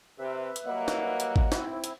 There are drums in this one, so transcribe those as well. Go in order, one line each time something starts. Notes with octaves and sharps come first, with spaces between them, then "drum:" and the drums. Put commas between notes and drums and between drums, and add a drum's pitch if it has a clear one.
C3 B4 E5
drum: hi-hat
F#3 G3 A#3 D#5 F#5
drum: snare
drum: hi-hat
drum: kick G#1
C4 E4, drum: snare
drum: hi-hat